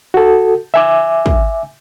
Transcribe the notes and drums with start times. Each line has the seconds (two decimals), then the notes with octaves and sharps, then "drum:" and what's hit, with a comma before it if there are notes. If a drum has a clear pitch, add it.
0.14 F#4 A4
0.74 E5 G#5 D6
1.26 drum: kick